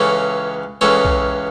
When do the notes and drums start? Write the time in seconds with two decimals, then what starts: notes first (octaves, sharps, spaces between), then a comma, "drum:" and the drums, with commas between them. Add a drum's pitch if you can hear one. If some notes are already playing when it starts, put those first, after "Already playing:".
Already playing: C#2 C#3 E3 A4 C#5
0.81 C#2 C#3 E3 A4 C#5
1.05 drum: kick